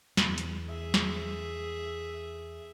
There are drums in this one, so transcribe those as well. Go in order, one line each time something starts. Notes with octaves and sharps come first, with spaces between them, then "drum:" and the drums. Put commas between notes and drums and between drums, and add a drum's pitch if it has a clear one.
E2, drum: snare
drum: hi-hat
G#4 E5
drum: snare